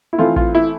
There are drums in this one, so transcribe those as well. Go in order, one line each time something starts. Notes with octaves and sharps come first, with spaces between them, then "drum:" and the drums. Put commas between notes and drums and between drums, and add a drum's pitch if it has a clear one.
E4
E3 A3 C4 F4
F4, drum: kick A1
E4